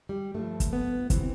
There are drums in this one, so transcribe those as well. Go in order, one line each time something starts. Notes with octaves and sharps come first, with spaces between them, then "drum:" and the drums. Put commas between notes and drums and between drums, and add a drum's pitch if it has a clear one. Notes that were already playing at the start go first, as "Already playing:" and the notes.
G3
G2 F3 A3
drum: kick, hi-hat
B3
C3 E3 C4, drum: kick, hi-hat